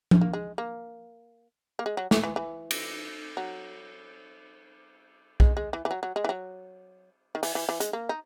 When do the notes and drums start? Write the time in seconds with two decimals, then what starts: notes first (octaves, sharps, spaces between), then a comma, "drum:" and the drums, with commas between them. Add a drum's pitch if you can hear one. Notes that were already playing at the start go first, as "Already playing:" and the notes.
0.11 drum: tom F3
0.21 A#3
0.33 G#3
0.58 A#3
1.79 A#3
1.86 G#3
1.97 F#3
2.11 E3, drum: snare
2.23 E3
2.36 E3
2.70 drum: cymbal
3.37 F#3
5.40 G#3, drum: kick B1
5.57 G#3
5.73 E3
5.85 E3
5.91 F#3
6.03 F#3
6.16 G#3
6.24 E3
6.29 F#3
7.35 D#3
7.43 E3, drum: open hi-hat
7.55 E3
7.69 E3
7.80 G#3, drum: hi-hat
7.93 A#3
8.09 D#4